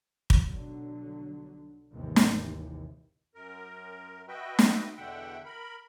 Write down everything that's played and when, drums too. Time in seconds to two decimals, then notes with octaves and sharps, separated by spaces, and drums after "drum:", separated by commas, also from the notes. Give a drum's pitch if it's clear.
0.30 drum: kick
0.46 B1 D3 F#3
1.92 G#1 D#2 C3 E3
2.16 drum: snare
3.35 F#2 A#4
4.28 F#4 B4 D#5 E5 G5
4.59 drum: snare
4.97 E2 B2 D3 E5 F#5 G5
5.45 A#4 B5